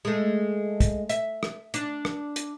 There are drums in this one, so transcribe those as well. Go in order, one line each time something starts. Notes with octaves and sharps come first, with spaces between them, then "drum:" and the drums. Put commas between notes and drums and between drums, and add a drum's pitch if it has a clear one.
G#3 A3
drum: kick, hi-hat
E5, drum: hi-hat
drum: rim click
D4, drum: hi-hat
drum: rim click
drum: hi-hat